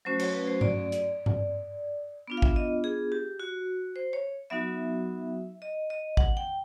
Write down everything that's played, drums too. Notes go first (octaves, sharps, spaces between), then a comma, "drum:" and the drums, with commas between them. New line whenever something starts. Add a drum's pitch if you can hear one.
F#3 A3 C#4 F#4 C5
C#5, drum: cymbal
B4
C5
D5, drum: tom G2
drum: hi-hat
drum: tom G2
B3 D4 F4
F5
E5, drum: kick G#1
D#5
G#4
G4
F#4
C5
C#5
F#3 B3 D#4 F#4 E5
D#5
D#5
F#5, drum: kick G#1
G5